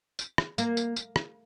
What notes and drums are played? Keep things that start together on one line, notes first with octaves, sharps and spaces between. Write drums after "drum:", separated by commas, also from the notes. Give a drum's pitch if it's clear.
drum: tambourine
drum: rim click
A#3, drum: tambourine
drum: tambourine
drum: tambourine
drum: rim click